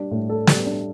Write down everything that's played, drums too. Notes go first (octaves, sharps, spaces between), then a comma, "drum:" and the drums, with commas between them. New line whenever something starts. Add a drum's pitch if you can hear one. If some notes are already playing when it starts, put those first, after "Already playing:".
Already playing: G3 D4
A2
A4
G3, drum: snare
D4